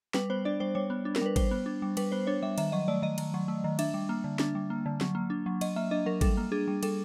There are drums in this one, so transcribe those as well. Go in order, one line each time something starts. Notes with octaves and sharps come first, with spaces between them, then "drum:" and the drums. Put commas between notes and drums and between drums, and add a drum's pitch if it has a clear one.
G3 B4, drum: snare
B3 C5
D4 D5
G3 C5
G3 C#5
B3
D4
A#4, drum: snare
G3 B4
G3 C5, drum: kick G#1, cymbal
B3
D4
G3
G3 B4, drum: cymbal
B3 C5
D4 C#5
G3 E5
D#3 E5, drum: cymbal
F#3 D#5
A3 D5
D#3 D#5
D#3, drum: cymbal
F#3
A3
D#3
D4 E5, drum: cymbal
G3
A#3
D3
D4, drum: snare
G3
A#3
D3
F#3, drum: snare
A#3
D4
F#3
F#3 D#5, drum: cymbal
A#3 E5
D4 D#5
F#3 A#4
G3 A4, drum: kick G#1, cymbal
A#3
D4 G#4
G3
G3 A4, drum: cymbal